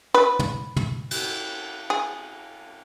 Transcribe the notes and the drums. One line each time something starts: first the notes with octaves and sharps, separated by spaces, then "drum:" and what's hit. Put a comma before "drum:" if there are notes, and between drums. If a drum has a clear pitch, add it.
B4
drum: tom
drum: tom
drum: cymbal
G#4